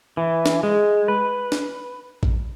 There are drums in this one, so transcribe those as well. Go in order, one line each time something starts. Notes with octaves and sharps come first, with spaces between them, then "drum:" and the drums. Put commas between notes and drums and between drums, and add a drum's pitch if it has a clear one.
E3
drum: snare
G#3
B4
drum: snare
drum: kick A1